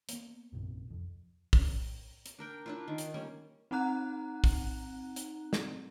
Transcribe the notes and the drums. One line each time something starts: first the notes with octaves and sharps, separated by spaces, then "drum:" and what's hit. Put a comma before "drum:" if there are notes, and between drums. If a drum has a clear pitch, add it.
A#3 B3, drum: hi-hat
E1 A#1 F#2 C3
D1 F2
drum: kick, open hi-hat
drum: hi-hat
D4 A#4 G5
D4 E4 F4
D#3
drum: hi-hat
G3 A#3 C#4
C4 D#4 F#5 A#5 F#6
drum: kick, open hi-hat
drum: hi-hat
drum: snare